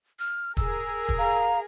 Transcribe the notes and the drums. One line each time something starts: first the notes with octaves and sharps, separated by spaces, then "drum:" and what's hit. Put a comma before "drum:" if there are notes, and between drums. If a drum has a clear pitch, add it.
F6
G#4 A#4 E6, drum: kick
drum: kick
F5 A#5